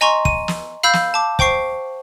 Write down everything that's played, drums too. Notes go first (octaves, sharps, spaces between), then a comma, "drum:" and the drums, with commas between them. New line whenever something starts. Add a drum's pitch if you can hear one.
D#5 G#5 A#5 C6 C#6
D#7, drum: kick
drum: snare
F5 B5 E6 G6
drum: snare
A5 D6
C5 G5 C#6 C7, drum: kick